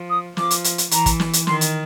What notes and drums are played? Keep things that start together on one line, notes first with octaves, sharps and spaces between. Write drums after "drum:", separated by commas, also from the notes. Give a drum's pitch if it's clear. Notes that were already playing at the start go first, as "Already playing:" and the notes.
Already playing: F3
D#6
F3 D6, drum: snare
drum: hi-hat
drum: hi-hat
drum: hi-hat
E3 A#5, drum: hi-hat
drum: kick, hi-hat
drum: snare
drum: hi-hat
D#3 C6, drum: snare
drum: hi-hat